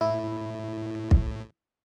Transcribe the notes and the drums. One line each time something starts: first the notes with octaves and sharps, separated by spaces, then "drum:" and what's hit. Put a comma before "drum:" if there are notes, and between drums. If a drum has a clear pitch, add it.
A2 E4
drum: kick